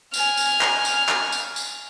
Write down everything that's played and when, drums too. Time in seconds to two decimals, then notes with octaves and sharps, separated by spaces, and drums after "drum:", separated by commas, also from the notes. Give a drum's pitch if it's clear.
0.14 G#5 F6, drum: tambourine
0.37 drum: tambourine
0.61 drum: clap
0.85 drum: tambourine
1.09 drum: clap
1.32 drum: tambourine
1.56 drum: tambourine